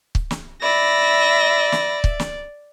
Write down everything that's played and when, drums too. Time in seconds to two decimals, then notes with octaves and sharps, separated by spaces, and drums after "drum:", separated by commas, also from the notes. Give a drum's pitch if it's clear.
0.15 drum: kick
0.31 drum: snare
0.62 D5 E5 B5 A#6
1.72 drum: snare
2.04 drum: kick
2.20 drum: snare